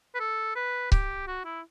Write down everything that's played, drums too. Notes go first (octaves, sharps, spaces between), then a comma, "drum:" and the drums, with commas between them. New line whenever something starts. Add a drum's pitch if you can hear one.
B4
A4
B4
G4, drum: kick C#1
F#4
E4